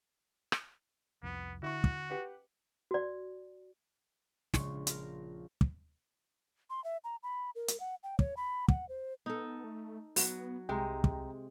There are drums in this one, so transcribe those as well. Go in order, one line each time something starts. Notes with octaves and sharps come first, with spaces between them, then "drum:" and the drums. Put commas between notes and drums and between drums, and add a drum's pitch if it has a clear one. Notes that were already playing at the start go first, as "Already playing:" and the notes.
drum: rim click
C2 F2 B3
D3 E4 F#4 C#6
drum: kick
G4 B4 F#5
F#4 D5
A#1 C#3 G#3 C#6, drum: snare
F4 A#4, drum: hi-hat
drum: kick
C6
E5
A#5
B5
A#4
drum: hi-hat
F#5
G5
C#5, drum: kick
B5
F#5, drum: kick
C5
B3 D#4 A4
A3
F#3 B3 F#4, drum: open hi-hat
C2 C3 G#3 G5 A#5
drum: kick